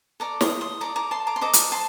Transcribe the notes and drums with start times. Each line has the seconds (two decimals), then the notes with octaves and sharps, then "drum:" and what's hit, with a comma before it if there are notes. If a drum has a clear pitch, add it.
0.20 A4 D5 A#5 D6
0.41 C6 D#6, drum: snare
0.61 C6 D#6
0.81 A4 D5 A#5 D6
0.96 A#5 D6
1.11 A5 C6
1.27 A#5 D6
1.36 C6
1.41 A4 C5 D#5 A#5 D6
1.53 drum: hi-hat
1.72 A5 C6